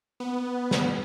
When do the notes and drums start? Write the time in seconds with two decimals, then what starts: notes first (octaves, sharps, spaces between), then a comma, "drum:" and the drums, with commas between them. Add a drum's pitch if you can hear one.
0.20 B3
0.71 drum: snare